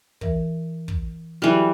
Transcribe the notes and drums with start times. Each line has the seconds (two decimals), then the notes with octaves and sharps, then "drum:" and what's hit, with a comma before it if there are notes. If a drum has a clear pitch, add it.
0.21 E3 A#4, drum: kick
0.88 drum: kick
1.42 E3 F#3 G3 F#4 A4